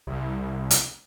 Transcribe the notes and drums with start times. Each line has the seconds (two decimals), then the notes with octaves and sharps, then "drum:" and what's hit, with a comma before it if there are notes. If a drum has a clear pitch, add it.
0.07 C2
0.71 drum: hi-hat